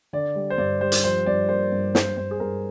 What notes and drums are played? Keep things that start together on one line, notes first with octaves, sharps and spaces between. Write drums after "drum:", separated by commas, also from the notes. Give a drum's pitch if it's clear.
D3 D5
G3
C5
G2 D5
G3 C5
drum: hi-hat
F3 C5
G2 D5
A#3 C5
G2
G2 C5, drum: snare
G2 C5
G#4
G2 A#4